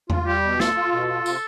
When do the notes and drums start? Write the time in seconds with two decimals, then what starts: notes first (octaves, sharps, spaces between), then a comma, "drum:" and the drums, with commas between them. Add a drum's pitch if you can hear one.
0.10 F4, drum: tom E2
0.26 G3 G4
0.42 B2
0.60 F4 A4, drum: snare
0.75 F4
0.92 B2 A4
1.09 F4
1.26 C3, drum: tambourine